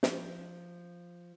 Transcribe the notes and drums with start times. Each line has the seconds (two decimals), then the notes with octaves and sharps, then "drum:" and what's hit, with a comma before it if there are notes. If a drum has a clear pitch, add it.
0.03 F3, drum: snare